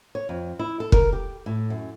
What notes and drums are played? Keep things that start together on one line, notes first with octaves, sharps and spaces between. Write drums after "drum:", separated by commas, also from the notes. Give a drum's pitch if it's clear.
C#5
F2
E4
A4
A#4, drum: kick
G4
A2
F#2